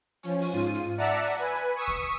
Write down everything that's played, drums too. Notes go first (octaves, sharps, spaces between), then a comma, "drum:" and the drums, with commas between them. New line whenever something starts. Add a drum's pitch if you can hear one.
F3 C#4, drum: hi-hat
drum: open hi-hat
G#2 F4 D#7
drum: hi-hat
D5 E5 F#5 A5 A#5 E6
drum: open hi-hat
B4 G#5
drum: hi-hat
C#6 D#6 E6 B6
drum: kick D2, hi-hat